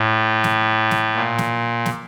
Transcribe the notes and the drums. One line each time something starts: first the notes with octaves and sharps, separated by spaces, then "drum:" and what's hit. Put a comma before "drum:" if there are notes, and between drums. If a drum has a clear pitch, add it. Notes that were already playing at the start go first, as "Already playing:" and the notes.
Already playing: A2
drum: snare
drum: snare
A#2
drum: snare
drum: snare